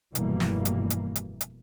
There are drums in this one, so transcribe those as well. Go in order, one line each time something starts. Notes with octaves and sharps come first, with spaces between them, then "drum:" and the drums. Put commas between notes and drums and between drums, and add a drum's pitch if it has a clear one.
F1 G2 B2 E3 G3 A#3, drum: hi-hat
drum: snare
drum: hi-hat
drum: hi-hat
drum: hi-hat
drum: hi-hat